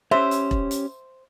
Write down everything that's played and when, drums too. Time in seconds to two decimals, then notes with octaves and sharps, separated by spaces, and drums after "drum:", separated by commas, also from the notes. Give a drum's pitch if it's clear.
0.11 C#4 G4 C5 C#5 E5
0.31 drum: hi-hat
0.51 drum: kick E1
0.71 drum: hi-hat